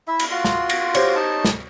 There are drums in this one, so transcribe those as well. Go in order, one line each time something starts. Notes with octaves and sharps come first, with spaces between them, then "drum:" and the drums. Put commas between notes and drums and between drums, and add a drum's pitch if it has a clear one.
E4 E5
drum: cymbal
F4 F#4 C6
drum: snare
drum: cymbal
G4 C5 C#5, drum: cymbal
D#4 A5
drum: snare